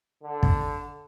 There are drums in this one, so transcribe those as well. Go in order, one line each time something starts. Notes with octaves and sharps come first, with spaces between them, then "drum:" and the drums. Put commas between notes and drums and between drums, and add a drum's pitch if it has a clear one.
D3
drum: kick